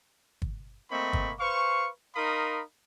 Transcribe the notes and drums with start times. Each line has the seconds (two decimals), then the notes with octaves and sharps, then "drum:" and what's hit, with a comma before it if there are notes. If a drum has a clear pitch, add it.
0.42 drum: kick
0.91 A3 A#3 C4 D#5 B5 C#6
1.13 drum: kick
1.39 B4 C5 F5 C#6
2.15 D#4 A#4 F5 B5 C6 D#6